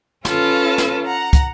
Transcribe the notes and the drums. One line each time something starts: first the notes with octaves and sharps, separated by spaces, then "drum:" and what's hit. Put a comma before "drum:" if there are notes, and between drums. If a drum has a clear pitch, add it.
C#4 F4 A4 B4, drum: snare
drum: snare
F#5 A#5
drum: kick, hi-hat